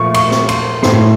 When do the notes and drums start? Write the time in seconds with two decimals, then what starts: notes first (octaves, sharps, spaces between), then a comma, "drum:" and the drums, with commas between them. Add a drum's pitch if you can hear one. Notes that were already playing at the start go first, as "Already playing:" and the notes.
Already playing: A#2 F3 A3 C#6
0.14 C#6, drum: cymbal
0.31 drum: snare
0.49 C6, drum: cymbal
0.83 A2 A3 C6, drum: snare